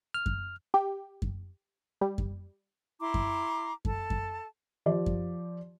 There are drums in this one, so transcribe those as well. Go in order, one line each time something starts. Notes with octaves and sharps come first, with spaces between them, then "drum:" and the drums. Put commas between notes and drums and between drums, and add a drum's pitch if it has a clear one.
F6
drum: kick F#2
G4
drum: kick F#2
G3
drum: kick F#2
E4 A#5 C6 D6
drum: kick F#2
A4 A5, drum: kick F#2
drum: kick F#2
F3 G4 D5
drum: kick F#2